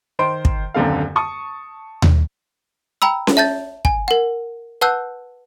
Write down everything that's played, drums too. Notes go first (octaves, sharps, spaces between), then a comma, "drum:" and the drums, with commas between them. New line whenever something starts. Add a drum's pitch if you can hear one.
D#3 C5 C6 D7
drum: kick
D#1 F#2 D3 C4 A4 F5
A5 C#6 D#6
drum: tom D#2
G5 A#5 B5 E6
drum: snare C#4
E5 A5 G6 A6
G#5, drum: kick
A#4 F#5
B4 F#5 A5 E6 F#6 G6